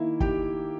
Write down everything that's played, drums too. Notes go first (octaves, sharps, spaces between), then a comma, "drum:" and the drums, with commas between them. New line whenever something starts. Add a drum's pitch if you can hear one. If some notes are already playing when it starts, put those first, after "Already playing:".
Already playing: D#3 A#3 E4
G4 G5, drum: kick